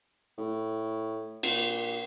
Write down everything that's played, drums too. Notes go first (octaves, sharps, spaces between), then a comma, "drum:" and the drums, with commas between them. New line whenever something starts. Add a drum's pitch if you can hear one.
A2
A#2, drum: cymbal